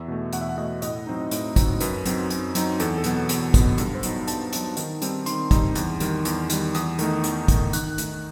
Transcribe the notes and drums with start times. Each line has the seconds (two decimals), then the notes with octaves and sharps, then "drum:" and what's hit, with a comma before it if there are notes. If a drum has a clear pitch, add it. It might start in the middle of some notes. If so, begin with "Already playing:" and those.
Already playing: E2 E5
0.08 B2 A3
0.33 E2 F#5, drum: hi-hat
0.41 E5
0.49 F#5
0.58 B2 A3 D#5
0.82 A2 D#5, drum: hi-hat
1.07 F#3 C4 D#4
1.31 A2, drum: hi-hat
1.56 F#3 C4 D#4, drum: kick, hi-hat
1.80 F#2 B4, drum: hi-hat
2.05 F#3 C4 D#4, drum: hi-hat
2.30 F#2, drum: hi-hat
2.55 F#3 C4 D#4, drum: hi-hat
2.80 E2 A4, drum: hi-hat
2.98 A4
3.04 B2 F#3 B3, drum: hi-hat
3.29 E2, drum: hi-hat
3.54 B2 F#3 B3, drum: kick, hi-hat
3.78 G2, drum: hi-hat
3.95 C5
4.03 F#3 B3 D#4, drum: hi-hat
4.28 G2 A5, drum: hi-hat
4.53 F#3 B3 D#4, drum: hi-hat
4.77 D#3, drum: hi-hat
5.02 G3 C4 D#4, drum: hi-hat
5.26 D#3 C6, drum: hi-hat
5.51 G3 C4 D#4, drum: kick, hi-hat
5.75 E2, drum: hi-hat
6.00 D#3 G3, drum: hi-hat
6.25 E2, drum: hi-hat
6.50 D#3 G3, drum: hi-hat
6.75 E2 D#6, drum: hi-hat
6.99 D#3 A3 D#4, drum: hi-hat
7.24 E2, drum: hi-hat
7.48 D#3 A3 D#4, drum: kick, hi-hat
7.73 D#3 F#6, drum: hi-hat
7.98 A3 D#4, drum: hi-hat